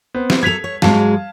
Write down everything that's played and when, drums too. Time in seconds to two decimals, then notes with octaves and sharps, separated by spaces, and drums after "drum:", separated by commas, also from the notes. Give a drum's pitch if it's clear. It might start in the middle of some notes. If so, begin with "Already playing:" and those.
0.14 B3 C4
0.30 drum: snare
0.43 F#3 A4 G#6 B6 F7
0.64 C#5
0.82 G#2 F#3 G#3 F5 A5, drum: snare